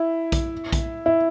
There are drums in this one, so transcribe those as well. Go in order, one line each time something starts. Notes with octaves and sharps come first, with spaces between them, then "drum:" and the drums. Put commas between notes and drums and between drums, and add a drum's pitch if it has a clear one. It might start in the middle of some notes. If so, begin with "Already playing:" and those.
Already playing: E4
drum: kick A#1, hi-hat
drum: kick A#1, hi-hat
E4